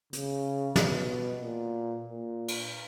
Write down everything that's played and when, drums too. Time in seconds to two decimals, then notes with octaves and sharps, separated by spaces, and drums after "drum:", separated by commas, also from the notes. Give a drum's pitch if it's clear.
0.13 C#3, drum: hi-hat
0.76 B2, drum: snare
1.40 A#2
2.05 A#2
2.48 drum: cymbal